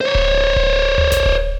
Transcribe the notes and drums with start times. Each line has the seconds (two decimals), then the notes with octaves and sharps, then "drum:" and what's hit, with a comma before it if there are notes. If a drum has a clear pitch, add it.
0.01 C5 C#5
0.15 drum: kick D1
0.56 drum: kick D1
0.98 drum: tom D2
1.12 drum: snare G#1
1.26 drum: kick D1